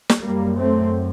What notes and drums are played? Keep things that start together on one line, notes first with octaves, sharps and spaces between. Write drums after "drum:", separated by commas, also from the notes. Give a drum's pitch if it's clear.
drum: snare
F#2 G3 A#3
A3 C4